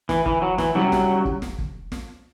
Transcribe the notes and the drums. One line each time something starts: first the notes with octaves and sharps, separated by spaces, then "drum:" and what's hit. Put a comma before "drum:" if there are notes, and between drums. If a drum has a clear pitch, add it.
E3, drum: snare
E3, drum: kick
F#3
E3, drum: snare
F#3 G3 C#4 E4 G4
drum: snare
drum: kick
drum: snare
drum: kick
drum: snare